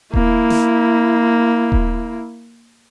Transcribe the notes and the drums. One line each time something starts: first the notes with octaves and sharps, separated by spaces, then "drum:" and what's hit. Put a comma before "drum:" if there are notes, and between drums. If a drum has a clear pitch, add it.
A#3 E4, drum: kick D#1
drum: snare
drum: kick D#1